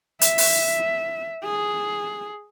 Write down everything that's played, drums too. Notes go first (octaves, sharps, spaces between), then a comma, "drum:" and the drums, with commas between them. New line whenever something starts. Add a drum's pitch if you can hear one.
E5, drum: hi-hat
drum: open hi-hat
G#4